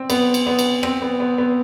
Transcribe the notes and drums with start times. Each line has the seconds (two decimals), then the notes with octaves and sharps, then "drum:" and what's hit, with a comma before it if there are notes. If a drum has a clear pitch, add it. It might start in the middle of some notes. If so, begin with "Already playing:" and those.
Already playing: C4
0.10 B3, drum: cymbal
0.34 drum: cymbal
0.47 B3
0.59 drum: cymbal
0.83 C4, drum: rim click
1.02 B3
1.20 B3
1.38 B3